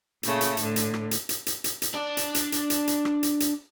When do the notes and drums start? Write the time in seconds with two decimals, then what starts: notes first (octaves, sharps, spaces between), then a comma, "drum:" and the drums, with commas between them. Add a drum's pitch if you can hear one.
0.23 A#2 C#3 A3, drum: hi-hat
0.41 drum: hi-hat
0.57 A2 D3, drum: hi-hat
0.76 drum: hi-hat
0.94 drum: rim click
1.11 drum: hi-hat
1.29 drum: hi-hat
1.46 drum: hi-hat
1.64 drum: hi-hat
1.82 drum: hi-hat
1.94 D4 D5
2.17 drum: hi-hat
2.35 drum: hi-hat
2.52 drum: hi-hat
2.70 drum: hi-hat
2.87 drum: hi-hat
3.05 drum: rim click
3.23 drum: hi-hat
3.40 drum: hi-hat